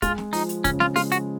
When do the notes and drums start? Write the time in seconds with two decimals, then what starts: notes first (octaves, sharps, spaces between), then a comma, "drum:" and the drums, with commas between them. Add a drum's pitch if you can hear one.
0.02 G#3 F4, drum: kick, hi-hat
0.18 drum: snare
0.33 F3 D#4, drum: open hi-hat
0.49 drum: hi-hat
0.64 C#3 C#4, drum: kick, hi-hat
0.80 F4, drum: snare
0.96 G#3 F4, drum: open hi-hat
1.12 F#4, drum: hi-hat